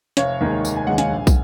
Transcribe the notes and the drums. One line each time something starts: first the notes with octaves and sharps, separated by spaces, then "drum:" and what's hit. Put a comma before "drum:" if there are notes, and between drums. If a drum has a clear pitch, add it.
F1 C#5 F5, drum: snare
D#2 D#3 G#3
F1, drum: tambourine
G#5
D#2 D#3 G#3 F#5
F5 G#5, drum: snare
A#1
drum: kick, tambourine